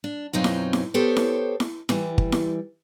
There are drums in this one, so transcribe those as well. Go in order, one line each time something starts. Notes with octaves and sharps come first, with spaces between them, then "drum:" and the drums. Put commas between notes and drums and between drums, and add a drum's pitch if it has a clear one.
D4
F#2 B2 F#3 C4 D#4 F4
drum: snare E4
drum: snare E4
B3 G4 A4 C5 C#5
drum: snare E4
drum: snare E4
E3 G3, drum: snare E4
drum: kick G1
drum: snare E4